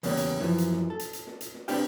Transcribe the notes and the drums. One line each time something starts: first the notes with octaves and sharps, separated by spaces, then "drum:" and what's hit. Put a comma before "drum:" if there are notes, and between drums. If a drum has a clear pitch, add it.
E2 C#3 G3 A#3, drum: open hi-hat
drum: hi-hat
F#2 E3 F3
drum: hi-hat
drum: snare
A4
drum: hi-hat
drum: hi-hat
drum: snare
drum: hi-hat
drum: snare
C4 D4 G4 B4 F5 G5, drum: open hi-hat